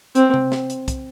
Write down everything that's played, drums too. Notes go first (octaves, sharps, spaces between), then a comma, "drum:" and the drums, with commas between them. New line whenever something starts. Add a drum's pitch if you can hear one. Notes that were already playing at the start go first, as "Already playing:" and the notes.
C4, drum: hi-hat
drum: tom C3
drum: snare
drum: hi-hat
drum: kick, hi-hat